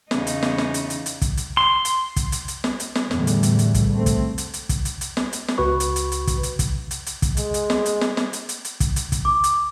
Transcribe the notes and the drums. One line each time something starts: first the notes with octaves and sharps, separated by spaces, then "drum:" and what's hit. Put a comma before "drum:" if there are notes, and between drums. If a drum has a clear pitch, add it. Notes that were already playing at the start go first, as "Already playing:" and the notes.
E2 C#3 D#4, drum: snare
drum: hi-hat
drum: snare
drum: snare
drum: hi-hat
drum: hi-hat
drum: hi-hat
drum: kick, hi-hat
drum: hi-hat
C6
drum: hi-hat
drum: kick, hi-hat
drum: hi-hat
drum: hi-hat
drum: snare
drum: hi-hat
drum: snare
E2 A2 D3 E3 G3, drum: snare
drum: hi-hat
drum: hi-hat
drum: hi-hat
drum: kick, hi-hat
A3 C4
drum: kick, hi-hat
drum: hi-hat
drum: hi-hat
drum: kick, hi-hat
drum: hi-hat
drum: hi-hat
drum: snare
drum: hi-hat
drum: snare
C#2 F#4 B4 C#6
drum: hi-hat
drum: hi-hat
drum: hi-hat
drum: kick, hi-hat
drum: hi-hat
drum: kick, hi-hat
drum: hi-hat
drum: hi-hat
drum: kick, hi-hat
G#3, drum: hi-hat
drum: hi-hat
drum: snare
drum: hi-hat
drum: snare
drum: snare
drum: hi-hat
drum: hi-hat
drum: hi-hat
drum: kick, hi-hat
drum: hi-hat
drum: kick, hi-hat
D6
drum: hi-hat